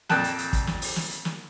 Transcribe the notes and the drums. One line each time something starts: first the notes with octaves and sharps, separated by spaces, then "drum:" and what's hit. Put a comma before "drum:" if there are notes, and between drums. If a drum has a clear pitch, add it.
F2 A#2 G5 A5 F#6, drum: snare
drum: hi-hat
drum: hi-hat
drum: kick, hi-hat
drum: snare
drum: open hi-hat
drum: snare
drum: hi-hat
drum: snare